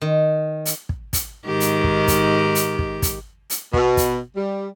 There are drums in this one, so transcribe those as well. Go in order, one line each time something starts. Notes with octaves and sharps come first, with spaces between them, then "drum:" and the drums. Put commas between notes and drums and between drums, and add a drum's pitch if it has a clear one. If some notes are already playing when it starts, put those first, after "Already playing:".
D#3
drum: hi-hat
drum: kick
drum: kick, hi-hat
G#2 D#3 G4
drum: hi-hat
drum: kick
drum: kick, hi-hat
drum: hi-hat
drum: kick
drum: kick, hi-hat
drum: hi-hat
B2, drum: kick
drum: kick, hi-hat
G3